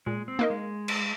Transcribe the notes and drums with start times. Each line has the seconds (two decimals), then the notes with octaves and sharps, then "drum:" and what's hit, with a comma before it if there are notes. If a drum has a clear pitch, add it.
0.06 A#2 G#3
0.28 C4
0.39 A#3 D#4 A#4 D#5
0.50 G#3
0.88 drum: cymbal